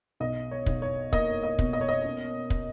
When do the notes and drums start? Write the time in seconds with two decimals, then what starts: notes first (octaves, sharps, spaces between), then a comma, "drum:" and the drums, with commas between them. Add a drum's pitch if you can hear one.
0.20 B1 D#5
0.51 C#5
0.66 B1, drum: kick
0.82 C#5
1.13 A#3 D#5, drum: kick
1.43 D#5
1.59 B2, drum: kick
1.73 D#5
1.81 C#5
1.88 D#5
2.05 C#4
2.50 drum: kick